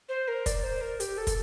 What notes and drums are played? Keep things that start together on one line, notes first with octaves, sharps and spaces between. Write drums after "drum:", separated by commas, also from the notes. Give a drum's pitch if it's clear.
C5
A#4
D5, drum: kick, hi-hat
C5
A#4
G4, drum: hi-hat
A4
drum: kick, hi-hat